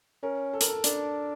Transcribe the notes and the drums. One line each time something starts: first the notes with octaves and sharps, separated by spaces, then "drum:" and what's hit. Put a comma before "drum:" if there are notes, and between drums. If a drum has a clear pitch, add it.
C#4 A#4
A4
A#4, drum: hi-hat
A4
D4 A#4, drum: hi-hat